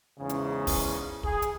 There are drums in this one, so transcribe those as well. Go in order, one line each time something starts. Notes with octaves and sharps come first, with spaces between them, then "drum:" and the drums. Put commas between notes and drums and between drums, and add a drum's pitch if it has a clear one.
E2 G#2 C#3
drum: hi-hat
drum: kick, open hi-hat
G#4, drum: kick
drum: hi-hat